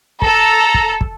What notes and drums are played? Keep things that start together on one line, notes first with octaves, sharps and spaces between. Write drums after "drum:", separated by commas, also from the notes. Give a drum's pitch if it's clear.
A4 A#5, drum: kick
drum: kick
drum: kick